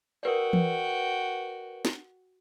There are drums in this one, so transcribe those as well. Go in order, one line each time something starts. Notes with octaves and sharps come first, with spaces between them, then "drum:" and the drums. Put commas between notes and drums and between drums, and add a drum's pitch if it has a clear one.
F#4 A#4 B4 D5 G5
drum: tom E3
drum: snare